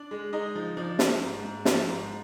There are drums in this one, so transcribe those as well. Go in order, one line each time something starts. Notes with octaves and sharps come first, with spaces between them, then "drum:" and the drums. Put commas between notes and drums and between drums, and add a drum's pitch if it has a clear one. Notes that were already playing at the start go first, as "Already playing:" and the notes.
Already playing: D4 D5
G#3
G#3 D#4 D#5
F3
F3 D4 D5
F3, drum: snare
G#2
G#2
F3, drum: snare
G#2